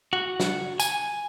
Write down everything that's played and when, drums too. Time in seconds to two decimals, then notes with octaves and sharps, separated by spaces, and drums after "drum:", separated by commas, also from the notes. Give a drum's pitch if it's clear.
0.13 F#4
0.40 drum: snare
0.80 G#5, drum: tambourine